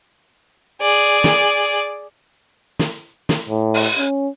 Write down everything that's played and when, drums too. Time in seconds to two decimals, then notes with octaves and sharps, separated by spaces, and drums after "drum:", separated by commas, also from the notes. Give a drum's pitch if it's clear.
0.81 G#4 D5
1.24 drum: snare
2.79 drum: snare
3.29 drum: snare
3.49 A2
3.74 drum: open hi-hat
3.98 C#4